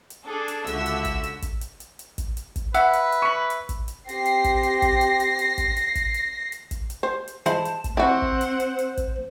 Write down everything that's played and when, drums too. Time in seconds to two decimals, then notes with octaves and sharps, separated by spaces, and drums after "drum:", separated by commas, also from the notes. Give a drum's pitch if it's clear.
0.10 drum: hi-hat
0.25 D4 G#4 A4
0.48 drum: hi-hat
0.67 C#2 D3 F#4 E5 E6 B6, drum: hi-hat
0.86 drum: hi-hat
1.05 drum: kick, hi-hat
1.24 drum: hi-hat
1.42 drum: kick, hi-hat
1.61 drum: hi-hat
1.80 drum: hi-hat
1.99 drum: hi-hat
2.18 drum: kick, hi-hat
2.37 drum: hi-hat
2.56 drum: kick, hi-hat
2.74 B4 E5 F#5, drum: hi-hat
2.93 drum: hi-hat
3.12 drum: hi-hat
3.22 B5 C#6
3.50 drum: hi-hat
3.69 drum: kick, hi-hat
3.88 drum: hi-hat
4.09 C4 G4 A#6 C7, drum: hi-hat
4.26 drum: hi-hat
4.44 drum: kick, hi-hat
4.63 drum: hi-hat
4.82 drum: kick, hi-hat
5.01 drum: hi-hat
5.20 drum: hi-hat
5.39 drum: hi-hat
5.58 drum: kick, hi-hat
5.77 drum: hi-hat
5.95 drum: kick, hi-hat
6.14 drum: hi-hat
6.52 drum: hi-hat
6.71 drum: kick, hi-hat
6.90 drum: hi-hat
7.03 C5
7.28 drum: hi-hat
7.46 G#3 E4 C5 A5, drum: hi-hat
7.65 drum: hi-hat
7.84 drum: kick, hi-hat
7.97 C4 E4 F#4 C5 D5 F#5
8.22 drum: kick
8.41 drum: hi-hat
8.60 drum: hi-hat
8.79 drum: hi-hat
8.97 drum: kick, hi-hat